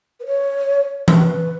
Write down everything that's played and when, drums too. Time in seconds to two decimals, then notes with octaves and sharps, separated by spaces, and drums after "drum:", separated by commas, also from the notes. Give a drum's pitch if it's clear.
0.20 B4
0.26 C#5
1.08 B4, drum: tom E3